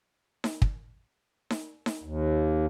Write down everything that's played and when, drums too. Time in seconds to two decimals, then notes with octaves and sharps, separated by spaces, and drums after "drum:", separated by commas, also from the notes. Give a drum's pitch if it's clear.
0.44 drum: snare D#4
0.62 drum: kick
1.50 drum: snare D#4
1.86 drum: snare D#4
2.04 D#2